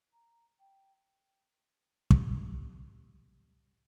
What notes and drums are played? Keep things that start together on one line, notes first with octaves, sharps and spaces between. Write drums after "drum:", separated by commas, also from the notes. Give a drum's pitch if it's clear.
A#5
G5
G4 A5, drum: kick